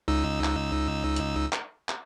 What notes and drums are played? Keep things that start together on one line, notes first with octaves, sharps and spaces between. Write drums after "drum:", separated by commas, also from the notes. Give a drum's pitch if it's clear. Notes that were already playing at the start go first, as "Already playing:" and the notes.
C#2 D#4 E6
drum: clap
drum: hi-hat
drum: clap
drum: clap